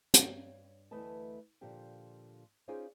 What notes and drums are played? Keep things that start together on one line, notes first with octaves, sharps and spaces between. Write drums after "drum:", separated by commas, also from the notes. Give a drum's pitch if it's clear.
G2 C#5, drum: hi-hat
D2 E3 A3 B4 D#5 A5
A#2 D3 F3 G4 G5
C#4 D#4 F4 G#4 C5 D5